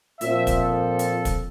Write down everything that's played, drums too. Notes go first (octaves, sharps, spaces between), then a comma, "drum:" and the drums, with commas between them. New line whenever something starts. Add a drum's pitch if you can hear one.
A#2 F3 C4 E5, drum: hi-hat
drum: kick, hi-hat
A4
drum: hi-hat
drum: kick, hi-hat